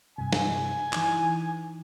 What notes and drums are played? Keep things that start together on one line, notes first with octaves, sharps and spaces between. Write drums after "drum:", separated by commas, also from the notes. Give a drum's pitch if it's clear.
G2 C3 G#5
drum: snare
E3 D#4, drum: clap